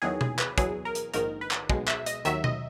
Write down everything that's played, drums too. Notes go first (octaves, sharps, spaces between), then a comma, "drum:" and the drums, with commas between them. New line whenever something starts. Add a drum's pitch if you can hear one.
E2 D#3 F#3 G#4
G#4, drum: tom B2
B4, drum: clap
E2 B2 F#3 G#4, drum: kick, hi-hat
A#4
drum: hi-hat
A#1 G#2 D#3 A#4, drum: hi-hat
B4
drum: clap
B1 B2 G#3, drum: kick
E5, drum: clap
D#5, drum: hi-hat
D#2 D#3 F#3 E5, drum: hi-hat
D#5, drum: tom B2